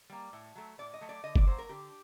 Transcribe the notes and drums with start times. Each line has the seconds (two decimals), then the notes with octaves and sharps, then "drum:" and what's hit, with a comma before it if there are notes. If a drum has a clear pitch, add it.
0.10 G3 A#3
0.33 A2
0.55 F#3 A3
0.78 A2 D5
0.94 D#5
1.01 F#3 A3
1.09 D5
1.24 D3 D#5
1.36 D5, drum: kick F#1
1.47 F#3 A#3 C5
1.58 A#4
1.69 D3 G4